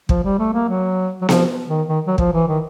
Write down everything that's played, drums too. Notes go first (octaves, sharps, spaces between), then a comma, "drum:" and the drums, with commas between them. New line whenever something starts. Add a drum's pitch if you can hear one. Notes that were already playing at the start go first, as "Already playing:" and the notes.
F3, drum: kick
G3
A3
A#3
F#3
F#3
F3, drum: snare B3
D#3
D#3
F#3
F3, drum: kick
E3
D#3